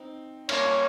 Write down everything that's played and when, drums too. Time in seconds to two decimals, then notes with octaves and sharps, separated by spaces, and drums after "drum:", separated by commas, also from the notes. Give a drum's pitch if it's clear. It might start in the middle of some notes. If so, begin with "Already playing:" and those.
Already playing: C4 D#4
0.49 A#3 C#4 C#5, drum: cymbal
0.65 A#3 C#4